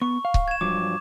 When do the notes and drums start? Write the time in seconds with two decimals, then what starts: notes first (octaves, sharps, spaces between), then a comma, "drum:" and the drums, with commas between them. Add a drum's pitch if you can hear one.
0.01 B3 C#6
0.25 F5
0.34 drum: kick C#1
0.48 G#6 E7
0.61 G2 F3 F#3 D6